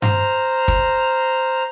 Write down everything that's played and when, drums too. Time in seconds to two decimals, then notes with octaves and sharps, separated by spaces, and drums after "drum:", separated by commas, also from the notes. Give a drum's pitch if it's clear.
0.02 C5 A#5 F6, drum: tom G2
0.68 drum: kick